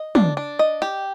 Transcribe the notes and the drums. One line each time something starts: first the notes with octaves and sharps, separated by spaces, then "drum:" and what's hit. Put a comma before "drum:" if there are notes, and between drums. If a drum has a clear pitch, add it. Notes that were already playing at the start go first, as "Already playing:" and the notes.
Already playing: D#5
D4, drum: tom
D4
D#5
G4